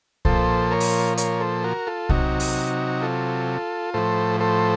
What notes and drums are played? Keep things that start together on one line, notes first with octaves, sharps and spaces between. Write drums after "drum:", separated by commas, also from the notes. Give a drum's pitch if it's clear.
A#2 F3 A4 C5, drum: kick
A#4 C#5
drum: open hi-hat
A#4 C#5, drum: hi-hat
A4 C5
F#4 A#4
F4 A4
C3 F#3 D#4 F#4, drum: kick
drum: open hi-hat
F4 A4
A2 F3 A4 C5
A4 C5